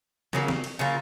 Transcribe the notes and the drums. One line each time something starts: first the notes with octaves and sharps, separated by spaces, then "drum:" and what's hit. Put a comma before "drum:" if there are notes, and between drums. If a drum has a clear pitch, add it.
C#3 F#3 A#3, drum: snare
drum: snare
drum: cymbal
C#3 F#3 A#3 F4